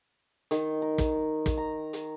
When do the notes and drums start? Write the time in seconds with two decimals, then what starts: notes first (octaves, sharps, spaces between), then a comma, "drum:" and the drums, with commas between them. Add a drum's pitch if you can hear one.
0.51 D#3, drum: hi-hat
0.82 A#4
0.98 drum: kick, hi-hat
1.46 drum: kick, hi-hat
1.58 A#5
1.93 drum: hi-hat